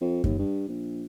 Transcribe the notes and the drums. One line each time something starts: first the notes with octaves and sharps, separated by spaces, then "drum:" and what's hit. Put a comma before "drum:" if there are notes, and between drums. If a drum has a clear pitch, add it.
F2
D#2, drum: kick F#2
G2
A#1